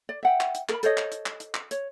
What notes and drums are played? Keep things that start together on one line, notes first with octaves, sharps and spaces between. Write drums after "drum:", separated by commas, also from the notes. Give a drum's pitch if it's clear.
D5
E5 F#5 G5
drum: clap
drum: hi-hat
A4 A#4 B5, drum: clap
A4 C5 C#5 D#5, drum: hi-hat
drum: clap
drum: hi-hat
drum: clap
drum: hi-hat
drum: clap
C#5, drum: hi-hat